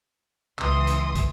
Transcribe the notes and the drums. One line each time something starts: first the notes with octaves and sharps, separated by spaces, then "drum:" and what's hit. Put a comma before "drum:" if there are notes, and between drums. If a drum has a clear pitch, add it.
C#2 E3 C6 D#6, drum: clap
drum: hi-hat
drum: kick, hi-hat